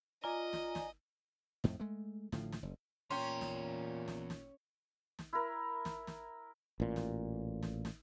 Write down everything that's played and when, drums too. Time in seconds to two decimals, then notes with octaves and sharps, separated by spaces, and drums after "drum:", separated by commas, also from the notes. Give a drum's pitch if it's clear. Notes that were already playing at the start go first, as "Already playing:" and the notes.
0.24 F4 D5 D#5 G#5 A#5
0.53 drum: snare
0.75 drum: snare
1.64 F2 A2, drum: snare
1.80 G#3 A3
2.32 A2 D3 F3, drum: snare
2.52 drum: snare
2.63 F#1
3.10 E2 A#2 C#4 G5 A#5 C6
3.41 drum: snare
4.08 drum: snare
4.30 drum: snare
5.19 drum: snare
5.33 E4 A#4
5.85 drum: snare
6.07 drum: snare
6.80 A1 A#2
6.96 drum: snare
7.63 drum: snare
7.85 drum: snare